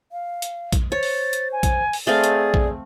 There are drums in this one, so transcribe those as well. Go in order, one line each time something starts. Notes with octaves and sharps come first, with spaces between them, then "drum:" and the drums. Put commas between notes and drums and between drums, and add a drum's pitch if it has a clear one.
F5
drum: hi-hat
drum: kick A#1, hi-hat
C5 C#5 A6
drum: open hi-hat
drum: hi-hat
G#5
drum: kick A#1, hi-hat
drum: open hi-hat
A3 C4 G#4 D5 F5 A6
drum: hi-hat
drum: kick A#1